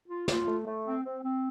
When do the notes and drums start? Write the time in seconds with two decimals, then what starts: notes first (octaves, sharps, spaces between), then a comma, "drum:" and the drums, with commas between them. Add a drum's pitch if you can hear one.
0.08 F4
0.28 F4, drum: snare
0.46 A3
0.65 A3
0.85 C4
1.04 C4
1.23 C4